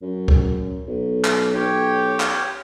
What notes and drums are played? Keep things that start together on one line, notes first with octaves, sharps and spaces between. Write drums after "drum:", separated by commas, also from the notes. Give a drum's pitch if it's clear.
F#2
drum: kick C#2
B1
drum: clap
B1 G4 C#5 G5
drum: clap